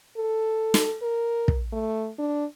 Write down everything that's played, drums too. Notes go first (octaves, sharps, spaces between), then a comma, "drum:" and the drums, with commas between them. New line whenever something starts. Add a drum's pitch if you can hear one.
A4
drum: snare
A#4
drum: kick
A3
D4